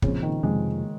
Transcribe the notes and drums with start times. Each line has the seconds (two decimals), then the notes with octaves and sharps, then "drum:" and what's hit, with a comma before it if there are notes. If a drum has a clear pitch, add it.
0.02 A#2 C#3 F3 C4, drum: kick
0.22 D#3
0.43 F2 C3 F3 G#3